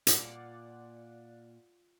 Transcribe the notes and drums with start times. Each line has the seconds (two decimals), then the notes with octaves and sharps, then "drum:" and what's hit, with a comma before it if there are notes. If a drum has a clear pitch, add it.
0.07 A#2 F4 D5 F#5, drum: hi-hat